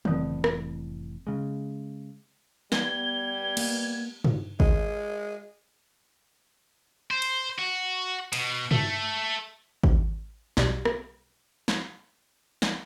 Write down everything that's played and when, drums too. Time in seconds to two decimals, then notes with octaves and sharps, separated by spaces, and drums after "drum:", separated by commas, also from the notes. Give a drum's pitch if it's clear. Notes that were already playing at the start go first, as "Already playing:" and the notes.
0.05 F1 A2 E3 G3 B3 C4, drum: tom
0.44 drum: rim click
1.27 C#3 G#3
2.72 G3 B3 G#6 G7, drum: snare
3.57 A#3, drum: cymbal
4.24 drum: tom
4.60 G#3, drum: kick G#1
7.11 C5
7.22 drum: cymbal
7.58 F#4
8.33 B2, drum: cymbal
8.71 A3, drum: tom
9.84 drum: kick G#1
10.57 B1 G3, drum: snare
10.85 drum: rim click
11.68 drum: snare
12.62 drum: snare